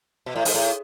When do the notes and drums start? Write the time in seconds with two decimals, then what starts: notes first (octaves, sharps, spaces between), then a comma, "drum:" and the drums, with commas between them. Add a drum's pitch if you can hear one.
0.26 B2
0.36 A2
0.45 G#2, drum: open hi-hat
0.54 A2